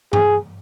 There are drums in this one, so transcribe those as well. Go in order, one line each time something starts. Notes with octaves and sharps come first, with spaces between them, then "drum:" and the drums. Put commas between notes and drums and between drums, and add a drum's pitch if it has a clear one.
G#4, drum: tom G2